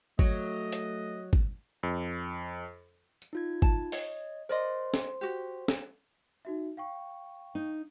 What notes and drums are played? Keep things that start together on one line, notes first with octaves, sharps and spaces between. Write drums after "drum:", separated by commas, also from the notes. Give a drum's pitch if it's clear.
F#3 A3 D#5, drum: kick
drum: hi-hat
drum: kick
F2
drum: tambourine
D#4 F4 G#6
A5, drum: kick
C#5 D#5, drum: open hi-hat
A#4 C5 D5 D#5 C6
drum: snare
F#4 G4
drum: snare
D#4 F#4 E5
F5 G5 C#6
D#4